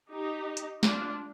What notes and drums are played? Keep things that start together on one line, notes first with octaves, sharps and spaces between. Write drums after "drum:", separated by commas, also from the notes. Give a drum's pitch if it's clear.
D#4 G4
drum: hi-hat
D4 F4, drum: snare